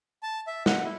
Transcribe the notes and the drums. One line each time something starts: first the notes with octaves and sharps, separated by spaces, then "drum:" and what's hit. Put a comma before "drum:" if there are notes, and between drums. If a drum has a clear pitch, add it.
A5
E5
F#5, drum: snare
E4